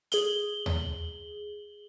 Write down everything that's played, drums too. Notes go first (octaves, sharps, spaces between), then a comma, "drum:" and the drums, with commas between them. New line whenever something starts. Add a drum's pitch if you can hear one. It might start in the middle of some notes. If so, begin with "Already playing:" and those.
G#4 F#7 G7, drum: hi-hat
drum: tom D#2